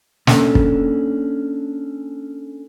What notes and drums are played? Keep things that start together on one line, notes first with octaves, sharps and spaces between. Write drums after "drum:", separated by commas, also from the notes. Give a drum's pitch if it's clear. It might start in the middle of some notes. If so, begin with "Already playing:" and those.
A#3 C#4 D4 A4, drum: snare
drum: kick